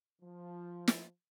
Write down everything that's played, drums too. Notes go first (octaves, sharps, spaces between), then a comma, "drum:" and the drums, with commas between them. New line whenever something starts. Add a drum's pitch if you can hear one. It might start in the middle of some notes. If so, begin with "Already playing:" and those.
F3
drum: snare